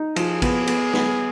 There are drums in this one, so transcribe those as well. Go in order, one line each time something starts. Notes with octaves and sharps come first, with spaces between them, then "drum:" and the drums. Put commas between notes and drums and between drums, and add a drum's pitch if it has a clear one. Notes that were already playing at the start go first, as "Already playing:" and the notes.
Already playing: D#4
F3 G#4, drum: cymbal
B3, drum: kick, cymbal
B3, drum: cymbal
B3, drum: snare